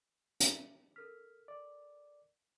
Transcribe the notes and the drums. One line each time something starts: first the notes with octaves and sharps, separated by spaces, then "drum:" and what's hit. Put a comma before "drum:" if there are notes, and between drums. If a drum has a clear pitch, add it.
drum: hi-hat
A4 A#4 F6 B6
D5